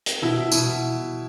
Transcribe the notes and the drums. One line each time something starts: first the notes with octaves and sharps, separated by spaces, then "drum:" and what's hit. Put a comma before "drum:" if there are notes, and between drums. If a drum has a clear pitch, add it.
drum: hi-hat
B2 E4
B2 E4, drum: tambourine